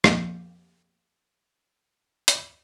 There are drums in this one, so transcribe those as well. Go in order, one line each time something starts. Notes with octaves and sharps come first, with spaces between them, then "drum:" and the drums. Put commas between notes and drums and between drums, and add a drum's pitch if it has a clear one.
F2 A#2 G4, drum: rim click
drum: hi-hat